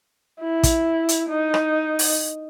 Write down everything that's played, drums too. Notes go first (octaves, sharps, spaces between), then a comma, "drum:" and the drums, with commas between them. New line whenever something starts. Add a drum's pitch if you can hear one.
E4
drum: kick, hi-hat
drum: hi-hat
D#4
drum: rim click
drum: open hi-hat